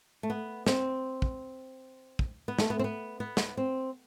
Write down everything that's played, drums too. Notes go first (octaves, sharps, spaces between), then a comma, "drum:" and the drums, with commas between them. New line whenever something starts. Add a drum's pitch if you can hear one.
A3
B3
C4, drum: snare
drum: kick
drum: kick
B3
A3, drum: snare
B3
C4
B3
B3
drum: snare
C4